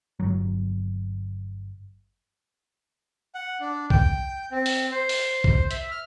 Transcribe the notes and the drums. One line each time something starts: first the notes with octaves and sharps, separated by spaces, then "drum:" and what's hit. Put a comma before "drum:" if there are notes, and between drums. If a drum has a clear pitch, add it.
G1 F#3
F#5
D4
G5, drum: kick C2
C4
drum: open hi-hat
C5
drum: open hi-hat
drum: kick C2
E5, drum: hi-hat
F6